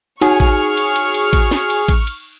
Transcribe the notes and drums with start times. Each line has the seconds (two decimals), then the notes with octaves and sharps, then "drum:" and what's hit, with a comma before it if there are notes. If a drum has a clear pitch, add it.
0.21 D#4 F#4 G#4 C#5 C#6 F6, drum: cymbal
0.40 drum: kick A1
0.77 drum: cymbal
0.96 drum: cymbal
1.14 drum: cymbal
1.33 drum: kick A1, cymbal
1.51 drum: snare
1.70 drum: cymbal
1.88 drum: kick A1, cymbal
2.07 drum: cymbal